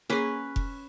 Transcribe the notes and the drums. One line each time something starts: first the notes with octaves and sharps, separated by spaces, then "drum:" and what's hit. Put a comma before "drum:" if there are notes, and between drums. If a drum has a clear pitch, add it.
A#3 C#4 G#4 B4
drum: kick F1